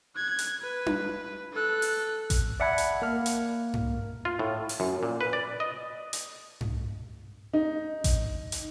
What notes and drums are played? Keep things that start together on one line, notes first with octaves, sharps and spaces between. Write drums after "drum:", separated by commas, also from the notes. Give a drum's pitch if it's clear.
F#6 G#6
drum: hi-hat
B4
drum: tom D4
A4 F#6
drum: open hi-hat
drum: kick A1, hi-hat
D5 E5 F#5 A5 B5 G#6
drum: hi-hat
A#3 F6
drum: hi-hat
drum: tom G2
F4
A2
drum: open hi-hat
F#2
A#2
B4
D5
D#5
drum: hi-hat
drum: tom G2
D#4
drum: kick A1, hi-hat
drum: hi-hat